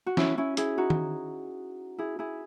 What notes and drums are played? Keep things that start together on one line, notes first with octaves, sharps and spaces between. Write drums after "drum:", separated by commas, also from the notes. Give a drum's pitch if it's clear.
F#4
C#4 E4, drum: snare
C#4 E4
E4 G#4, drum: hi-hat
D#4 F#4
drum: tom D#3
E4 G#4
E4 G#4